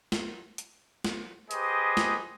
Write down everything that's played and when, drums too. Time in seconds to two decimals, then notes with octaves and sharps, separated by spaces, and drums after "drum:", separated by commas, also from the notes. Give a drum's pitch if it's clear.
0.12 drum: snare
0.58 drum: hi-hat
1.04 drum: snare
1.51 G4 G#4 B4 C5 D#5, drum: hi-hat
1.97 drum: snare